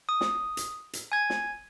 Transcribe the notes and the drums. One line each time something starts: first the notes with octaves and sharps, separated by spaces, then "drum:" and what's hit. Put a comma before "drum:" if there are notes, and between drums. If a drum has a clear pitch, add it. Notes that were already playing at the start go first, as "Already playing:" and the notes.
D#6
drum: snare
drum: hi-hat
drum: hi-hat
G#5 G#6
drum: snare